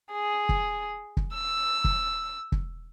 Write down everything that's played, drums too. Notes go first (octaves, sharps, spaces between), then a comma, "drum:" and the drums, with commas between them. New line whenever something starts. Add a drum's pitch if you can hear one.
G#4
drum: kick
drum: kick
E6
drum: kick
drum: kick